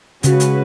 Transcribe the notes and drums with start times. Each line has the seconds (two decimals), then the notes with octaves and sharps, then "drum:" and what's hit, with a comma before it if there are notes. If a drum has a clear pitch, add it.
0.23 C#3 G#3 C#4 F#4 B4, drum: hi-hat
0.40 drum: hi-hat